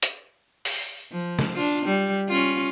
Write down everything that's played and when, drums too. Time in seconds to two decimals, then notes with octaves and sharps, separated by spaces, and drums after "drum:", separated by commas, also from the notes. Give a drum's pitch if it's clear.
0.03 drum: hi-hat
0.65 drum: open hi-hat
1.12 F3
1.39 drum: snare
1.54 D4 F4
1.85 G3
2.29 C#4 F4